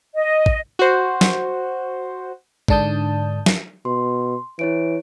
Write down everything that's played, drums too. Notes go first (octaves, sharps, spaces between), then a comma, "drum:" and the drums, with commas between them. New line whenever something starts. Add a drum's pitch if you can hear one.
D#5
drum: kick
F#4 C5
drum: snare
G#2 D3 D4 A5 D#6 G6, drum: kick
drum: snare
B2 C6
E3 E4 C#5 D7